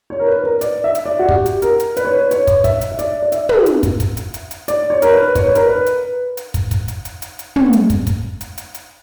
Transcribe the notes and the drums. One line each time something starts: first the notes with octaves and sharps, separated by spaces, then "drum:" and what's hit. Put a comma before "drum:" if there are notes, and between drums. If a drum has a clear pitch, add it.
C#5
A#4
B4
A#4
D5, drum: hi-hat
E5
drum: hi-hat
D5
F#4
G4, drum: kick
drum: hi-hat
A#4, drum: hi-hat
drum: hi-hat
B4, drum: hi-hat
C#5
B4
C#5, drum: hi-hat
drum: kick, hi-hat
E5, drum: kick, hi-hat
drum: hi-hat
E5
D5, drum: hi-hat
D5
E5, drum: hi-hat
drum: tom
drum: hi-hat
drum: kick, hi-hat
drum: kick, hi-hat
drum: hi-hat
drum: hi-hat
drum: hi-hat
D5, drum: hi-hat
C#5
A#4, drum: hi-hat
B4
C#5, drum: kick, hi-hat
B4
A#4, drum: hi-hat
B4
drum: hi-hat
drum: hi-hat
drum: kick, hi-hat
drum: kick, hi-hat
drum: hi-hat
drum: hi-hat
drum: hi-hat
drum: hi-hat
drum: tom
drum: hi-hat
drum: kick, hi-hat
drum: kick, hi-hat
drum: hi-hat
drum: hi-hat
drum: hi-hat